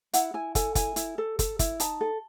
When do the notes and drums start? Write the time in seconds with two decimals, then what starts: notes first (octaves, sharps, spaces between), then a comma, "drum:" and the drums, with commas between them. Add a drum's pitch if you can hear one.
0.13 E4 F#5, drum: hi-hat
0.34 E4 G#5
0.55 A4 G#5, drum: kick, hi-hat
0.75 E4 G#5, drum: kick, hi-hat
0.96 E4, drum: hi-hat
1.18 A4
1.39 A4, drum: kick, hi-hat
1.59 E4, drum: kick, hi-hat
1.80 D#4 A5, drum: hi-hat
2.01 A4